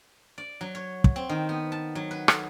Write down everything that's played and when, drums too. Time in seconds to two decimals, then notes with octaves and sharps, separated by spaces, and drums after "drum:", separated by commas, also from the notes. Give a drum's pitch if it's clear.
0.38 D5
0.61 F#3
0.75 C#5
1.04 drum: kick
1.16 C4
1.29 D#3
1.49 B3
1.72 A5
1.95 F#3
2.11 B4
2.28 A4, drum: rim click